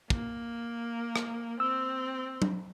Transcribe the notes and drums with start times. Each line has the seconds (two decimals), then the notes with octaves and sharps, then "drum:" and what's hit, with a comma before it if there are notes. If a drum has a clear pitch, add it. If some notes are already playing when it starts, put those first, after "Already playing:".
0.10 A#3, drum: kick
1.16 drum: rim click
1.60 C4 E6
2.42 drum: tom F#3